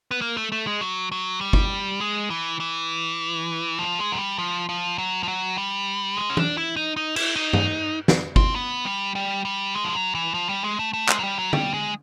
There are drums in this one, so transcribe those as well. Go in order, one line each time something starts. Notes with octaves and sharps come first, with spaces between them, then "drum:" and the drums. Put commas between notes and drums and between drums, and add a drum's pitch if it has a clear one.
B3
A#3
A3
A3
G#3
F#3
F#3
G3
drum: kick
G#3
E3
E3
F3
G#3
F#3
G3
F3
F3
F#3
F3
F#3
G3
G#3
C#4
D4, drum: tom
E4
D#4
D#4
E4, drum: cymbal
D#4
drum: tom G2
drum: snare
C4, drum: kick
B3
G3
G3
G3
G#3
F3
F#3
E3
F3
G3
G#3
A3
A3
G#3, drum: clap
F#3
G3
F#3
G3, drum: tom
G#3